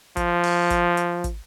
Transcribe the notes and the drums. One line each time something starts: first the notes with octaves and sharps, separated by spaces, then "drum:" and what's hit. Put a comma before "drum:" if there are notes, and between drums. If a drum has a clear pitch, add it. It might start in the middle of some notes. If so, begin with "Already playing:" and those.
F3, drum: kick, hi-hat
drum: open hi-hat
drum: kick, hi-hat
drum: hi-hat
drum: kick, hi-hat